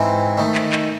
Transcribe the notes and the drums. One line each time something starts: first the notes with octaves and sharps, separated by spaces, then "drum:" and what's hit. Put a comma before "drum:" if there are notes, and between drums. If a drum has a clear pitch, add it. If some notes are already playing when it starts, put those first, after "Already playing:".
Already playing: G#2 E3 C4 D#4
D#3 A3 D#4
drum: clap
drum: clap